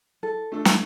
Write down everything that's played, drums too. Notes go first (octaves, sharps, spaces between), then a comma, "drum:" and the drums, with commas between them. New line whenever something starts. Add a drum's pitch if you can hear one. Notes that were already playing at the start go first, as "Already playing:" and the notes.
A4
A3 D4 A4
drum: snare